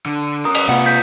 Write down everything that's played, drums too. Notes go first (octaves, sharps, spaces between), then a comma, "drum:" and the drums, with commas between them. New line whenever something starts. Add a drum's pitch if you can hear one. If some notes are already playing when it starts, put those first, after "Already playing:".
D3
C#4 A#4 A#5 D#6
drum: cymbal
C3 A#3 F4 B4 F#5
G6 B6